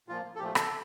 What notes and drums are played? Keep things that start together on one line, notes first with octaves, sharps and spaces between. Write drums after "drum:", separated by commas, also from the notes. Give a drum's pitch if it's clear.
A#2 F3 A#3 F4
A4
A#2 F3 A3 G4
A4, drum: rim click